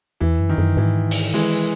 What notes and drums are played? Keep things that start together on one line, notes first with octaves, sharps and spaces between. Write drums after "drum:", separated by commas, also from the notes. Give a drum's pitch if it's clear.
E2 E3
F#2
D#3
F#2
G#2 E3
drum: open hi-hat
D#3 E3 G#3